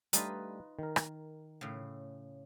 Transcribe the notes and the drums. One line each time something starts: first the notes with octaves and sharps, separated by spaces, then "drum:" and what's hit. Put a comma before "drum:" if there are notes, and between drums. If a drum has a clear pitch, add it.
G3 A3 D4 D#4 F4 B4, drum: hi-hat
D#3 A#4
drum: rim click
A2 C#3